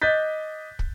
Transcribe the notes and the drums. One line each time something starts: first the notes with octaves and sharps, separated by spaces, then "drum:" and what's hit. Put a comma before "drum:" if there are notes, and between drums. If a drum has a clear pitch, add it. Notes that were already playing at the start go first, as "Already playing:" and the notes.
D#5 D6 F#6 G6 A6 B6
drum: kick